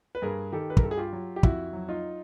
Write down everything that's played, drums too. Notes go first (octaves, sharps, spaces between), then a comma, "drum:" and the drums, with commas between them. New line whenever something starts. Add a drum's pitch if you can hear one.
B4
G2 G#4 A#4
D#3 G4 A4
B4
A#4, drum: kick
G2 A4
G#4
F4 G4
F#3
G4
F2 E4 F#4, drum: kick
F#3
D#4 F4